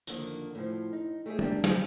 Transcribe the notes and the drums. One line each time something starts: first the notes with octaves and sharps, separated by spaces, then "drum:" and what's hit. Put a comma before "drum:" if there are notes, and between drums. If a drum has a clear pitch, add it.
F2 D3 D#3 A#3, drum: tambourine
A2 F3
D#4
A3 G4 G#4 E5
A#3 D4 G4, drum: tom
G#3 C4 G4, drum: snare